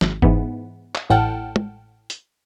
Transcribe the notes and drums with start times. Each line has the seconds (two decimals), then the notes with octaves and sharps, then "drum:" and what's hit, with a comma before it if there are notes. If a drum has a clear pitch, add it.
0.01 G#1, drum: snare
0.22 G#2 E3 B3, drum: kick F#1
0.95 drum: clap
1.10 A1 A2 F#5 G5 A5 F6
1.56 drum: tom
2.10 drum: hi-hat